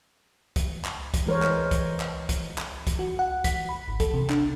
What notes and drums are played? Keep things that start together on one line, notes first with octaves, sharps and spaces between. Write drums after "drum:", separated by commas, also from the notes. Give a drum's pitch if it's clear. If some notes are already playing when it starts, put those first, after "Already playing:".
drum: kick, hi-hat
drum: clap
drum: kick, hi-hat
E3 G#3 A#4 C5 C#5
drum: clap
drum: kick, hi-hat
drum: clap
drum: kick, hi-hat
drum: clap
drum: kick, hi-hat
F#4
F#5
B6, drum: kick, hi-hat
B5
G#1
A4, drum: kick, hi-hat
C3
D4, drum: clap